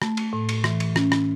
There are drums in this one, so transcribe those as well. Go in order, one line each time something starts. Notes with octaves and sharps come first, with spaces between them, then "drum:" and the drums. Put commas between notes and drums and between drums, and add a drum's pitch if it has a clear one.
A3, drum: rim click
drum: cymbal
A2
drum: cymbal
E3, drum: rim click
drum: cymbal
C#4, drum: rim click
drum: rim click